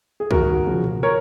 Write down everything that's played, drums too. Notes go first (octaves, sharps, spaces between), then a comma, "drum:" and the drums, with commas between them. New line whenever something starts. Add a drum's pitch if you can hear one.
G#4
D#2 F#4 A#4, drum: kick
C#3 F3
drum: tom A#2
A#4 C#5